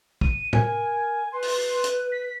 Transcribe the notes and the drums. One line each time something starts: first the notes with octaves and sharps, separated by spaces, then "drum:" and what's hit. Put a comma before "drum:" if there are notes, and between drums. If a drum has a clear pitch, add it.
D#7, drum: kick
A#4 G#5, drum: tom A2
B4 C6
drum: open hi-hat
drum: hi-hat
B6